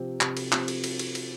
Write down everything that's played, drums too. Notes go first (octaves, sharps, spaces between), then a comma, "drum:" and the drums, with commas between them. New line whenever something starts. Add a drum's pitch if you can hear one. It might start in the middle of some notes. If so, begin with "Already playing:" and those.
Already playing: C3 F3 C4 G4
C3, drum: clap
drum: cymbal
F3 C4 G4, drum: clap
drum: cymbal
drum: cymbal
drum: cymbal
drum: cymbal